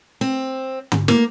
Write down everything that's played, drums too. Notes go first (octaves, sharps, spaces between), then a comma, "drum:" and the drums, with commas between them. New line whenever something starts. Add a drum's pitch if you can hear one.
C4
drum: tom
A#3, drum: snare